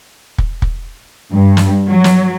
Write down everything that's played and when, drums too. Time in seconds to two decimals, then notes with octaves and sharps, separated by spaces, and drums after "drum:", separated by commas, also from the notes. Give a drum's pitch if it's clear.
0.38 drum: kick
0.62 drum: kick
1.33 G2
1.57 drum: snare
1.89 F#3
2.04 drum: snare